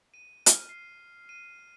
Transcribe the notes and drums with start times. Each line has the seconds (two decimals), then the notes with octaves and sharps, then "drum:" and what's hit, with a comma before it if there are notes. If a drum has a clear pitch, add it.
0.14 D#7
0.46 F6, drum: hi-hat
0.69 C7
1.29 D#7